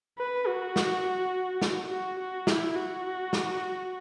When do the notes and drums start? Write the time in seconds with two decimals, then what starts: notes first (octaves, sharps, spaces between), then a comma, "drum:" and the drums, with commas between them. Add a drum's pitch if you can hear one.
0.18 B4
0.47 F#4
0.76 drum: snare
1.62 drum: snare
1.90 F#4
2.19 F#4
2.47 E4, drum: snare
2.76 F#4
3.33 drum: snare